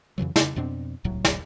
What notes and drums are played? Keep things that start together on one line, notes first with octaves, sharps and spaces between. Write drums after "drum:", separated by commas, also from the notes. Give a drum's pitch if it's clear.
F2 C#3 E3 F#3
C#3, drum: snare
F2 B2 C4 D4
D1 C2 A2 F#3
drum: snare